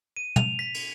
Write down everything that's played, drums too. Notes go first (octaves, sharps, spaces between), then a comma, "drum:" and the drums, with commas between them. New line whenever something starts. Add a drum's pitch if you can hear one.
D#7
F7, drum: tom
B6
drum: cymbal